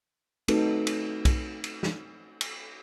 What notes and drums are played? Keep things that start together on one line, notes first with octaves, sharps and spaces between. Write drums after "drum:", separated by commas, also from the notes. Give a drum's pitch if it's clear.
A3 C4 D#4 F#4 A4 B4, drum: cymbal
drum: cymbal
drum: kick B1, cymbal
drum: cymbal
drum: snare
drum: cymbal